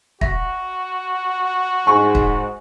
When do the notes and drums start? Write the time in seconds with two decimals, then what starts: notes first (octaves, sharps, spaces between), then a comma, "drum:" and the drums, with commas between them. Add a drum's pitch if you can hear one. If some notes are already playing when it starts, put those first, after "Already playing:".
0.21 F#4 E5 A#6, drum: kick
1.87 G#2 G#5 B5 C#6
2.15 drum: kick